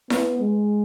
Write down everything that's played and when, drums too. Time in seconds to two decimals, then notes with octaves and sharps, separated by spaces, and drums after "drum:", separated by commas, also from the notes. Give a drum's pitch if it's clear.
0.10 B3, drum: snare E4
0.40 G#3